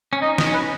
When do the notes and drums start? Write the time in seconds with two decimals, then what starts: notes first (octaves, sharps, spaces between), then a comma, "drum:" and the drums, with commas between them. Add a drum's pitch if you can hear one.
0.13 C#4
0.22 D#4 D#5
0.38 D#5, drum: snare
0.46 C#4
0.54 B4